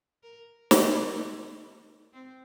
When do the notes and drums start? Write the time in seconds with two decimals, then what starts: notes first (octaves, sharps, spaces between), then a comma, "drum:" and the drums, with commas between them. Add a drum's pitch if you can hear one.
0.23 A#4
0.71 D#4, drum: snare
2.13 C4